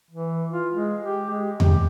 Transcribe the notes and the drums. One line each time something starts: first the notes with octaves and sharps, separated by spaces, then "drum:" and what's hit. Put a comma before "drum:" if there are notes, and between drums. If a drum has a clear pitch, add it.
E3
F4
G#3
G4
G#3
G4, drum: tom E2